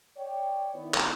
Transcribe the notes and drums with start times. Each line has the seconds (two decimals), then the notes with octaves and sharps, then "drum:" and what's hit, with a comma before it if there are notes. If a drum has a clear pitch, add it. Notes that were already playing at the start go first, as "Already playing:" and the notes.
0.17 C#5 D5 G5
0.74 D#3 B3 E4
0.94 drum: clap